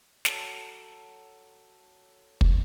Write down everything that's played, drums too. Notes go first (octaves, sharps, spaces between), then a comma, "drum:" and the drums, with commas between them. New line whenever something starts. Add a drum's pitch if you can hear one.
F#3 A4 A5, drum: snare
drum: kick